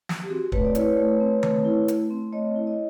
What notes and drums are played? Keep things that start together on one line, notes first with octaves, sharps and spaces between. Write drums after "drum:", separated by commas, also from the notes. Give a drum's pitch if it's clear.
drum: snare
G4
C4 F#4 G#4
A3 B4 C#5, drum: kick
D5
E4 B4 C#5, drum: hi-hat
A3
C4
A3, drum: tom D#3
E4
A3, drum: hi-hat
C4
A3 C#5 D#5
E4
C#5 D#5